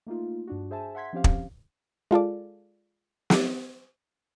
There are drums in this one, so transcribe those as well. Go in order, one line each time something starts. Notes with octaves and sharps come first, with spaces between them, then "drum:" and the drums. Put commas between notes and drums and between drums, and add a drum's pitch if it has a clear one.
A3 A#3 D#4 F4
G2 D4 F#4
G#4 C5 E5 G#5 A5
E5 F#5 C6 G#6 B6
F3 C4 C#4 G4 C5 F5
drum: kick
G#3 F4 A4 D5
drum: snare